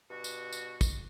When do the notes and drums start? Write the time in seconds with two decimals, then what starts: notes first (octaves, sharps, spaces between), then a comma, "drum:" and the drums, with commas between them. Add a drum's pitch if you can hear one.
0.10 G2 B2 F#4
0.24 drum: tambourine
0.53 drum: tambourine
0.81 drum: kick, tambourine